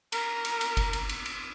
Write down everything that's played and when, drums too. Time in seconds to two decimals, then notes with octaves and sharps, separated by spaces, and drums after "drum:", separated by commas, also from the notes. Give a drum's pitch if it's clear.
0.12 A#4, drum: cymbal
0.45 drum: cymbal
0.61 drum: cymbal
0.77 drum: kick F#1, cymbal
0.93 drum: cymbal
1.09 drum: cymbal
1.26 drum: cymbal